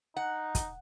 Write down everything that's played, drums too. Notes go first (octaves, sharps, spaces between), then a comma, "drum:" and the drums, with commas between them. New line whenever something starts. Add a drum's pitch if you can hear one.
D#4 F#5
drum: kick, hi-hat